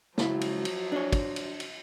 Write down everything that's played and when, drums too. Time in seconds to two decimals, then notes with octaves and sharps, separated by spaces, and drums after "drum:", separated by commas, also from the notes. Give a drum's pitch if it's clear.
0.18 C#2 F3 F#3 E4, drum: snare
0.41 drum: cymbal
0.65 drum: cymbal
0.92 D4 C#5
1.12 drum: kick, cymbal
1.36 drum: cymbal
1.60 drum: cymbal